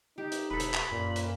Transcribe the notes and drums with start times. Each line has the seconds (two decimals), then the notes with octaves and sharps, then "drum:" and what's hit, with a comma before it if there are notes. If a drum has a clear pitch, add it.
0.18 D#4 G4
0.32 drum: hi-hat
0.50 E1 A4 B4 B5
0.60 drum: hi-hat
0.74 drum: clap
0.91 F#2 A#2
1.16 drum: hi-hat